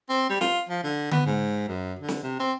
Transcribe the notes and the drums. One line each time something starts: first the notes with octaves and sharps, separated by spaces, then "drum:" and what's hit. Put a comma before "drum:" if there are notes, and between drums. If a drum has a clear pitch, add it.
C4
G3
F4, drum: snare
F3
D3
B3, drum: tom D3
G#2
F#2
D3
drum: snare
C3
C4